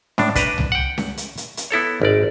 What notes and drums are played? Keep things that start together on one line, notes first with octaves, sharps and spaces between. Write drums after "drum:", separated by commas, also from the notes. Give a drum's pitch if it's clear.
A2 D4, drum: snare C#4
D4 B4 G5 A5 A#5, drum: kick, hi-hat
drum: tom C2
F#5 G5
drum: snare C#4
drum: hi-hat
drum: hi-hat
drum: hi-hat
B3 E4 A4 C#5
G#1 A#4 D5